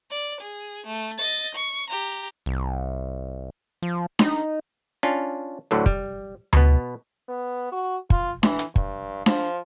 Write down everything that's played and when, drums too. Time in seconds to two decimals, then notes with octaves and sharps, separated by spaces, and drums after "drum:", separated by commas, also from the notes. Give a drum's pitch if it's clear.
0.11 D5
0.41 G#4
0.86 A3
1.18 D#5 A6
1.55 C#6
1.90 G4 A#5
2.46 C2
3.82 F3
4.19 D#4, drum: snare D4
5.03 C#4 D4 F4
5.71 D2 A2 D3 F#3
5.86 G3, drum: kick
6.53 B2 B3, drum: tom D2
7.29 B3
7.72 F#4
8.10 F4, drum: kick
8.43 E3, drum: snare D4
8.59 drum: hi-hat
8.76 G2, drum: kick
9.26 F3, drum: snare D4